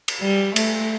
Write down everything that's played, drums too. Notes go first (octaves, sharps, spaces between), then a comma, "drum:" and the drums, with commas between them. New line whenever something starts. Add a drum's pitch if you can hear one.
drum: cymbal
G3
A3, drum: cymbal